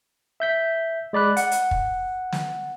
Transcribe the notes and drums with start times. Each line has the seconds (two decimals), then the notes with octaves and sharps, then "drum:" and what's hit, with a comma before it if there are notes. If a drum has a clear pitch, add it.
0.40 E5 G6 B6
1.13 G#3 D5 B5 F#6
1.37 F#5, drum: hi-hat
1.51 drum: hi-hat
1.71 drum: kick
2.32 drum: snare